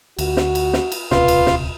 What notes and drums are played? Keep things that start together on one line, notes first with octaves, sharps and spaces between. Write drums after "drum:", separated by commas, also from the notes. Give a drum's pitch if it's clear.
D2 F#4, drum: cymbal
drum: snare
drum: cymbal
drum: snare
drum: cymbal
D#1 C#2 C3 F4 B4, drum: snare
drum: cymbal
drum: snare